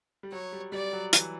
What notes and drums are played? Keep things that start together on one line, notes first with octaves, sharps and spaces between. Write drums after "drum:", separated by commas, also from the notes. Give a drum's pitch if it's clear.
G3
F#3 C#5
G3
G3 D5
F#3
E3, drum: hi-hat